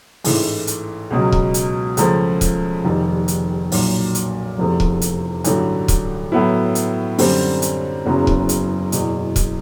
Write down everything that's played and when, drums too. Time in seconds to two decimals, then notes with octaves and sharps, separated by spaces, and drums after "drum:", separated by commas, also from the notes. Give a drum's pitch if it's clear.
0.24 A1 G#2 E3 A3, drum: open hi-hat
0.67 drum: hi-hat
1.10 C#2 B2 F#3
1.32 drum: kick
1.54 drum: hi-hat
1.97 C#2 C#3 F3 A3, drum: hi-hat
2.41 drum: kick, hi-hat
2.85 F1 D#2 D#3 G3
3.28 drum: hi-hat
3.72 B1 A#2 F#3, drum: open hi-hat
4.15 drum: hi-hat
4.58 F1 E2 C3 F3 A3
4.80 drum: kick
5.01 drum: hi-hat
5.44 A1 G2 D3 F#3 A3, drum: hi-hat
5.88 drum: kick, hi-hat
6.32 A2 F#3 B3 E4
6.75 drum: hi-hat
7.18 F#2 D3 G3 C4, drum: open hi-hat
7.62 drum: hi-hat
8.05 F#1 E2 C#3 F#3 B3
8.27 drum: kick
8.49 drum: hi-hat
8.92 F#1 E2 B2, drum: hi-hat
9.36 drum: kick, hi-hat